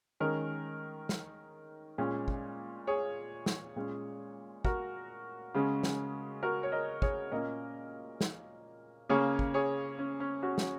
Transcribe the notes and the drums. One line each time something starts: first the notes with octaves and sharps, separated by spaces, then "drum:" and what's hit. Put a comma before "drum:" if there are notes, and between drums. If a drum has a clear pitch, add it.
D#3 G#3 C#4 A#4 D#5
drum: snare
A#2 G#3 C#4
drum: kick
G#4 C#5
drum: snare
A#2 G#3 C#4
F#4 A#4, drum: kick
C#3 G#3 C#4
drum: snare
F#4 A#4
C#5
A#4 D#5
G#4 C#5, drum: kick
A#2 A#3 C#4 A#4 D#5
drum: snare
C#3 A#3 C#4 G#4 C#5
drum: kick
G#4 C#5
C#4
C#4
C#4 F#4
drum: snare